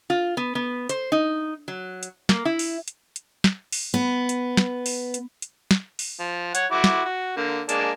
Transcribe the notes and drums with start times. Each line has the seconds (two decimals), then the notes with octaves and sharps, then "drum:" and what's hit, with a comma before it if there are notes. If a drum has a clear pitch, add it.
0.10 F4
0.37 B3
0.55 B3
0.89 C5, drum: hi-hat
1.12 D#4
1.68 F#3
2.03 drum: hi-hat
2.29 A#3, drum: snare
2.45 E4
2.59 drum: open hi-hat
2.88 drum: hi-hat
3.16 drum: hi-hat
3.44 drum: snare
3.72 drum: open hi-hat
3.94 B3
4.29 drum: hi-hat
4.57 drum: snare
4.86 drum: open hi-hat
5.14 drum: hi-hat
5.42 drum: hi-hat
5.71 drum: snare
5.99 drum: open hi-hat
6.20 F3
6.55 C#5 F#5, drum: hi-hat
6.72 E4 F#4 D6
6.84 drum: snare
7.05 F#4
7.37 D3 A#3
7.69 G#3 A#3 D4, drum: hi-hat